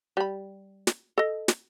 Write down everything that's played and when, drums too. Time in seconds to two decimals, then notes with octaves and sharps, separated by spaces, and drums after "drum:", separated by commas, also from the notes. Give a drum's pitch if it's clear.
0.17 G3 B5
0.87 drum: snare
1.18 A4 D#5
1.48 drum: snare